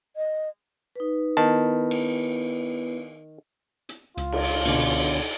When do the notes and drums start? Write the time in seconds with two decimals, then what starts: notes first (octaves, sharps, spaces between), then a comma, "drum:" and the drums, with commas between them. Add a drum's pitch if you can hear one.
0.17 D#5
0.96 D#4 B4
1.37 D#3 B3 E4 B4 A5
1.91 drum: cymbal
3.89 drum: hi-hat
4.17 C#2 F4, drum: hi-hat
4.32 drum: cymbal
4.65 B2 D3 C#4, drum: cymbal